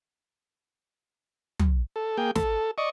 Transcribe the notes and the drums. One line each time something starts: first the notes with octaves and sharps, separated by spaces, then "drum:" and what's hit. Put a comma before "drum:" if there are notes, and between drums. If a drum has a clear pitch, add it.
drum: tom
A4
A#3 G#4 G5
A4, drum: snare
D5 D#5 C#6